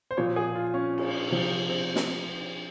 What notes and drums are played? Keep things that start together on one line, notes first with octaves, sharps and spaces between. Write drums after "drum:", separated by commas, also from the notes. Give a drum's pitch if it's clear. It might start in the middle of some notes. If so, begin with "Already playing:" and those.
C5
A#2 F3 C#5
G#4
F4
C#4
drum: cymbal
C3 F3
C4
drum: snare